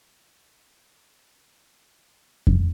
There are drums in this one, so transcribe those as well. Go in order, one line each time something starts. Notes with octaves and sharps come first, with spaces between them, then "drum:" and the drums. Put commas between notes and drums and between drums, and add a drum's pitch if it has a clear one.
C#6
E4 A#4 C5 C#5
drum: kick F2